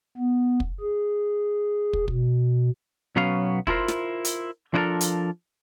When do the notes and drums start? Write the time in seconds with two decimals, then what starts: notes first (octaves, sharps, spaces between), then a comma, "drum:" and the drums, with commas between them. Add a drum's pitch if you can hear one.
0.17 B3
0.60 drum: kick
0.81 G#4
1.93 drum: kick
2.08 B2, drum: kick
3.16 B1 F#3 B3 C#4 F5
3.67 E4 F4 A4 A#4 C5, drum: kick
3.88 drum: snare
4.25 drum: hi-hat
4.74 F3 D4 E4 F4 A4 A#4
5.01 drum: hi-hat